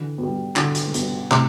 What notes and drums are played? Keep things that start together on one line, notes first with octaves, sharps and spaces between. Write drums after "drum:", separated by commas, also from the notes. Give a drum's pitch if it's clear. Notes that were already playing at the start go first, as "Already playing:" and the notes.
Already playing: D3 E3
B3
G3
D3, drum: clap
drum: hi-hat
G3 B3, drum: hi-hat
A2 C3, drum: clap